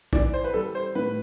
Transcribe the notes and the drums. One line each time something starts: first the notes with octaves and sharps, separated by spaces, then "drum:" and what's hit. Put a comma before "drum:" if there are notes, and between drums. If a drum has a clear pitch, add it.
E3 D5, drum: kick
C5
B4
G3 A4
C5
A2 B4